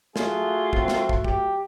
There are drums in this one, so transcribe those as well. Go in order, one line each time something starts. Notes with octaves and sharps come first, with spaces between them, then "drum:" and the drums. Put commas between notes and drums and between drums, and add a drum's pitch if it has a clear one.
A3 F4 F#4 G#4, drum: snare
C4, drum: kick
drum: snare
drum: kick
G4, drum: kick